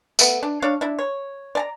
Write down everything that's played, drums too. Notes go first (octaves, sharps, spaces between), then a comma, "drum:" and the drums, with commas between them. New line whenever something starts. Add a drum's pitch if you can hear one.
A3 B3, drum: tambourine
D4
D4 C#5 F5
D4 E4
C#5
D5 A5 A#5